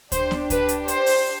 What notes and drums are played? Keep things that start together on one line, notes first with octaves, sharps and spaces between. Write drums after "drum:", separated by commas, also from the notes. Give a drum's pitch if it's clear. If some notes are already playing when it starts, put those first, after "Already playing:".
D4 G4 C5, drum: kick D2, hi-hat
drum: snare B3
B4, drum: kick D2, hi-hat
drum: hi-hat
C5, drum: hi-hat
drum: open hi-hat